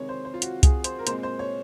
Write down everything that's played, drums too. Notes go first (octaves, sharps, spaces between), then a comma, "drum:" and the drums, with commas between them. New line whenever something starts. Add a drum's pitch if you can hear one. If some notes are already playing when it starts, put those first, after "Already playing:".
Already playing: C3 D#3 G#3 C4 C#5
C5
C5
F4
F#4, drum: hi-hat
G#4, drum: kick C2, hi-hat
C5, drum: hi-hat
A#4
A#2 G#3 C4 C5, drum: hi-hat
C5
C#5